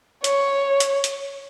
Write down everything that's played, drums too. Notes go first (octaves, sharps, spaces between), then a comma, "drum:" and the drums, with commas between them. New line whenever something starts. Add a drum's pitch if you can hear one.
C#5, drum: hi-hat
drum: hi-hat
drum: hi-hat